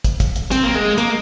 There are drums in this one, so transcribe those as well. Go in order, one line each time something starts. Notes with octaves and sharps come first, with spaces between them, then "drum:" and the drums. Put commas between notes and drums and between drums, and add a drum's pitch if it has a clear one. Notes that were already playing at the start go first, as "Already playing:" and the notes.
drum: kick, hi-hat
drum: kick, hi-hat
drum: hi-hat
C4, drum: hi-hat
A#3
G#3
A#3, drum: hi-hat